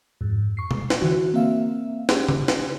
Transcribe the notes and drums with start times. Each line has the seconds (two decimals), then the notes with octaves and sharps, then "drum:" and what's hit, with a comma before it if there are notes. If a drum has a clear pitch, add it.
0.21 F2 G#2
0.57 C#6 C7
0.71 drum: tom B2
0.90 drum: snare
1.01 D3 E3 E4 F#4
1.34 A#3 C4 E5 F5
2.09 C#4 G4 G#4, drum: snare
2.29 drum: tom C#3
2.48 drum: snare